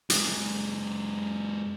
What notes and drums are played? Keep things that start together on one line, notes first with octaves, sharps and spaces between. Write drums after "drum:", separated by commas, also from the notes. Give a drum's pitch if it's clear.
F#2 G#3, drum: hi-hat